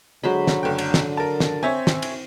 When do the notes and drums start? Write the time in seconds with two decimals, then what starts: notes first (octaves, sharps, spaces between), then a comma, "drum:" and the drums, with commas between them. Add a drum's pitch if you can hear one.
0.24 D3 F#3 G#3 C5 B5
0.47 drum: snare
0.63 F#1 A3 G5
0.78 drum: cymbal
0.94 drum: snare
1.17 A#4 A5
1.40 drum: snare
1.63 C4 C#5 E5 G#5
1.87 drum: snare
2.02 drum: cymbal